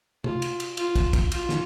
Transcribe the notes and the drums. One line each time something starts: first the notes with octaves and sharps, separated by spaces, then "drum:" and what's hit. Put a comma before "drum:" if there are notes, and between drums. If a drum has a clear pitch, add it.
F4, drum: tom
drum: cymbal
drum: cymbal
F4, drum: cymbal
drum: kick, cymbal
drum: kick, cymbal
F4, drum: cymbal
drum: snare